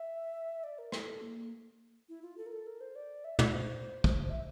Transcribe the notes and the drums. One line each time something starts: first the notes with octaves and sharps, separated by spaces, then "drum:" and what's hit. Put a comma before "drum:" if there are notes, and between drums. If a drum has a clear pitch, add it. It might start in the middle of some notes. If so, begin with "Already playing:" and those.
Already playing: E5
D5
A#4
A4, drum: rim click
A#3
E4
F4
A4
A#4
A4
A#4
C5
D5
E5
D5, drum: tom
C5
drum: kick
E5